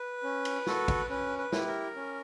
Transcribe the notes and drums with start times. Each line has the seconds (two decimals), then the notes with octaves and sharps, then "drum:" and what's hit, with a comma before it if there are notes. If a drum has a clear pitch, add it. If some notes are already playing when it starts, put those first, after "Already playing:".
Already playing: B4
0.23 C#4
0.45 drum: cymbal
0.66 F#4 A4, drum: snare
0.88 drum: kick, cymbal
1.10 C#4 B4
1.38 B4
1.52 E4 G4, drum: snare
1.67 A#4
1.96 C#4